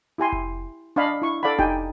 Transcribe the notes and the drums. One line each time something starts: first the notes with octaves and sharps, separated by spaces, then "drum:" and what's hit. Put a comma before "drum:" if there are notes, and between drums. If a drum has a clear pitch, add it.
E4 G4 G#5 C6
drum: kick F1
D4 D#5 F5 B5
E4 C#6
A4 D5 F5 F#5 B5
D#4 G4 G5 G#5, drum: kick F1